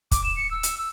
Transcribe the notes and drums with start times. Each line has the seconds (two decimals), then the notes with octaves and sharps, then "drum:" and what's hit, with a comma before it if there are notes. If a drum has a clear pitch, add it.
0.11 D6, drum: kick, hi-hat
0.24 E7
0.36 C#7
0.51 E6
0.63 drum: hi-hat
0.78 E6